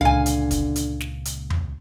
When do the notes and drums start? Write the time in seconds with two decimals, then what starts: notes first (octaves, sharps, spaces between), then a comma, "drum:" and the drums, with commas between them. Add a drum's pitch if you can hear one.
0.01 C#2 A#2 D3 F5 G#5
0.26 drum: hi-hat
0.51 drum: kick, hi-hat
0.76 drum: hi-hat
1.00 drum: snare
1.25 drum: hi-hat
1.50 drum: tom E2